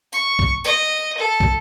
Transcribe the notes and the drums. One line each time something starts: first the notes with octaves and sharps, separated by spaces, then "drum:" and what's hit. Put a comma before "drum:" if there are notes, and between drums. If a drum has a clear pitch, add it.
C#6, drum: tambourine
drum: kick
D#5, drum: tambourine
A4
drum: kick